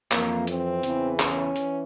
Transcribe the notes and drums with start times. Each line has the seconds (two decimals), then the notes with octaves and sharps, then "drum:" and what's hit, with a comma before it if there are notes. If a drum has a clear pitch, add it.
0.12 F2 E3 A#3, drum: clap
0.47 C4, drum: hi-hat
0.83 E2 C#3 E3, drum: hi-hat
1.20 C#4, drum: clap
1.56 E3, drum: hi-hat